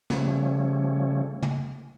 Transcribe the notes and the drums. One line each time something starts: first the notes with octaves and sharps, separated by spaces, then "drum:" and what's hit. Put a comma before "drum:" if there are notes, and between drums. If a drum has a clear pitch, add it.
C#3 F3 G3 A3 C#4, drum: snare
drum: tom